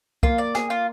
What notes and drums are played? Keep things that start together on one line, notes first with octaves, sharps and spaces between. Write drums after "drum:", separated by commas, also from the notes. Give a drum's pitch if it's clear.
A#3 F4, drum: kick
D5
G#4, drum: snare
F4